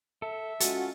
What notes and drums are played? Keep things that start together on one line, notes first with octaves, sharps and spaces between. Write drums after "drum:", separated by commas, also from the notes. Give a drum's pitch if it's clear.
A4 E5
G#3 C#4 F4 F#4 A4 F#5, drum: hi-hat